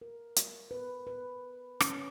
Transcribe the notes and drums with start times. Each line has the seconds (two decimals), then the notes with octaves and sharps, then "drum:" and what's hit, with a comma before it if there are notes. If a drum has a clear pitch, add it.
0.01 A#4
0.36 drum: hi-hat
0.71 B4
1.07 B4
1.80 C#4, drum: rim click